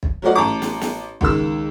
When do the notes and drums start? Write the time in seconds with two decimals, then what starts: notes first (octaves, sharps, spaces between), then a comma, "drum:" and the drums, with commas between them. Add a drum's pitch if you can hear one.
0.03 drum: kick
0.22 F#3 A3 F4 F#4 D5 D#5
0.35 A1 A5 A#5 D6
0.62 drum: snare
0.81 drum: snare
1.21 C#2 D#3 E6, drum: kick